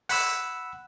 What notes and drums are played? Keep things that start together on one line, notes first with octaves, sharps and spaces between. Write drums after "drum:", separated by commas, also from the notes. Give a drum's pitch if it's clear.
F#5 B5 E6, drum: open hi-hat